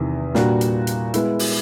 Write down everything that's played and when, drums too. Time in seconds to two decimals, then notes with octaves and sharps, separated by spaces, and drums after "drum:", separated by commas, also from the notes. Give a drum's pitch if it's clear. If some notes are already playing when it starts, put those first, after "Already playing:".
Already playing: E2 C3 D#3
0.35 A#2 G3 A#3 D4 F#4, drum: snare
0.61 drum: hi-hat
0.87 drum: hi-hat
1.14 G#3 B3 E4, drum: hi-hat
1.39 drum: open hi-hat